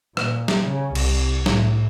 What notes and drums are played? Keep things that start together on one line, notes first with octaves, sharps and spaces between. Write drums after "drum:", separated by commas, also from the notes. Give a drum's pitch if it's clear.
A#2, drum: rim click
drum: snare
C#3
C2, drum: cymbal
A2, drum: snare